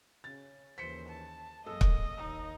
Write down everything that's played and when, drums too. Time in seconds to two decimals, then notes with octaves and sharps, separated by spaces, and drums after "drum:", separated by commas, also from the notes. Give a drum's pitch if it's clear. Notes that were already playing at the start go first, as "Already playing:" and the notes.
0.24 C#3 A6
0.78 D#2 C#3 E3 C5 B6 C#7
1.08 A5
1.66 A#1 F#2 G#3 A#3 A4 D#5
1.81 drum: kick
2.17 D#2 D#4